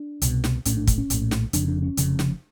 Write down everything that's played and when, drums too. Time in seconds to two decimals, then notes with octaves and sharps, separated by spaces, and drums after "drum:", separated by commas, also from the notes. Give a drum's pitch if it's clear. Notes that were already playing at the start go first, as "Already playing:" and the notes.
Already playing: D4
0.22 C2 B2, drum: hi-hat
0.44 drum: snare
0.65 A#1 A2 C#4, drum: hi-hat
0.77 D4
0.87 drum: kick, hi-hat
0.98 C#4
1.10 A#1 A2, drum: hi-hat
1.31 drum: snare
1.53 F1 F2 C#3 D4, drum: hi-hat
1.68 D4
1.82 C#4
1.97 F1 F2 C#3, drum: hi-hat
2.19 drum: snare